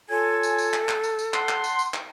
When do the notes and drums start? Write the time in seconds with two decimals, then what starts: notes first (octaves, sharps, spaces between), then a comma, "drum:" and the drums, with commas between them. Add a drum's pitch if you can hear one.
0.09 F4 A4 C#5 G#5
0.43 drum: tambourine
0.58 drum: tambourine
0.73 drum: clap
0.88 drum: clap
1.04 drum: tambourine
1.19 drum: tambourine
1.34 F#5 A5 C6, drum: clap
1.49 drum: clap
1.64 drum: tambourine
1.79 drum: tambourine
1.94 drum: clap